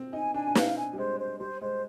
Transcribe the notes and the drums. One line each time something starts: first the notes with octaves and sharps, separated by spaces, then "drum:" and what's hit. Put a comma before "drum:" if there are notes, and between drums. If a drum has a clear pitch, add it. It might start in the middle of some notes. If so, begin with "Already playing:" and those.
Already playing: C4
D#4 G#5
D4 G#5
D4
C4 F5, drum: snare
G#5
G3
G#3 C5
C5
G3 C5
G#3 C5